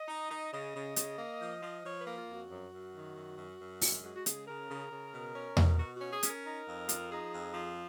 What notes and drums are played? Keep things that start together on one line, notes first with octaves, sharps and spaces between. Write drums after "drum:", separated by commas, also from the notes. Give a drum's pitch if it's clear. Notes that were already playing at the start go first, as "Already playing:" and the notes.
Already playing: D#5
D#4
D#4
C#3 D#5
C#3
C#3, drum: hi-hat
A#3
F3
F3
F3 C#5
B4
A#3
F4
F2
F#4
F#2
F#2
D#3
F#2
F#2
F#2
G#3 F#4, drum: open hi-hat
G#3 F#4
F#4
C#3 G#4, drum: hi-hat
C#3 A#4
C#3
C#3
B2
C#4
B2, drum: tom E2
B2 F#4
C#4 F#4
G#4
C#4, drum: hi-hat
A#4
D#4
F2
F3, drum: hi-hat
D#4 G#4
F2
F3